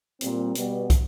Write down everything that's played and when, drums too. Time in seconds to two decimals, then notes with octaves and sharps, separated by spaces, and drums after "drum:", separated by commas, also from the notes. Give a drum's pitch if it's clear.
0.21 A#2 G3 C4, drum: hi-hat
0.55 B2 G3 B3, drum: hi-hat
0.90 drum: kick, hi-hat